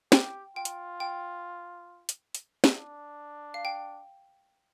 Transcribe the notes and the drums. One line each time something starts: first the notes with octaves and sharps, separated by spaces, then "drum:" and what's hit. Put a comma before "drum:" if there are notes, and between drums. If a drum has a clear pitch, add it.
G4 G5, drum: snare
F4 G5
drum: hi-hat
G5
drum: hi-hat
drum: hi-hat
drum: snare
D4
F5
G5